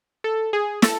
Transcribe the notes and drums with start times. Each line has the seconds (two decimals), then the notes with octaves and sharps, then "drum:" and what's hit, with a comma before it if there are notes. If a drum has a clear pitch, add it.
0.24 A4
0.53 G#4
0.82 A4, drum: snare